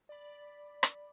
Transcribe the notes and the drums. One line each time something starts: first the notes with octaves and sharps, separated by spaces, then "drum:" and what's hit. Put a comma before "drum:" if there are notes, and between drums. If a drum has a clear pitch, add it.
D5 B5
drum: rim click